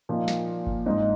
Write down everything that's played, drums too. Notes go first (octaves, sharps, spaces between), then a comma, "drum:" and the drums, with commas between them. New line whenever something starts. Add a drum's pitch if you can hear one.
A#2 F3 A#3 D#4
drum: snare
drum: kick G1
G#2 G#3 D#4